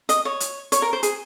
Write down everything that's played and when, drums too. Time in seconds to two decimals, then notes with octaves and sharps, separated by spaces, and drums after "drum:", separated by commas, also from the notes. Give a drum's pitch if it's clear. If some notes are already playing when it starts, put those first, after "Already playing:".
0.09 D#5, drum: hi-hat
0.25 C#5
0.40 drum: hi-hat
0.72 C#5, drum: hi-hat
0.82 A#4
0.93 C5
1.03 G#4, drum: hi-hat